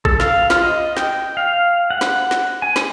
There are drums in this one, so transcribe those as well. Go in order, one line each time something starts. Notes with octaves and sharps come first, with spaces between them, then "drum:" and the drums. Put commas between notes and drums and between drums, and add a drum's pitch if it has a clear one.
A4, drum: kick
F5, drum: snare
F4, drum: snare
D#5
G5, drum: snare
F5
F#5
drum: snare
drum: snare
G#5
drum: snare